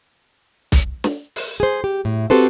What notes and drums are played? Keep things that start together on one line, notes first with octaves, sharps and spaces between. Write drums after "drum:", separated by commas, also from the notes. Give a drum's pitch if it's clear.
drum: kick B1, hi-hat
drum: snare
drum: open hi-hat
G#4 C5
G4
A2
C4 F#4 G4 A4 B4 C5